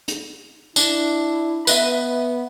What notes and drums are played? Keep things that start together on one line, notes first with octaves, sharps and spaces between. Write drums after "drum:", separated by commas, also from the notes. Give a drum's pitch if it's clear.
drum: hi-hat
D4 E4, drum: tambourine
B3 B4 D#5 E5, drum: tambourine